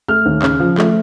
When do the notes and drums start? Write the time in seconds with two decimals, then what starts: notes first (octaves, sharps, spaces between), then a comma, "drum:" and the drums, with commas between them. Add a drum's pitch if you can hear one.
0.08 A3 F6
0.26 D#2
0.42 C#3, drum: clap
0.60 F3
0.78 A3, drum: clap